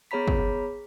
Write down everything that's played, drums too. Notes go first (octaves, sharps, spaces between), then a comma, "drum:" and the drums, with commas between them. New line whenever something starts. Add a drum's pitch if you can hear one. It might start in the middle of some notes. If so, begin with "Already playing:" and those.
B3 G#4 C#5 A#5 B5 B6
drum: kick